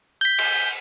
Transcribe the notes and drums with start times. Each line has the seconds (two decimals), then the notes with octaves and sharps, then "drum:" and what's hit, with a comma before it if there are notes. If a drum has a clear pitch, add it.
0.21 G6 B6
0.39 drum: cymbal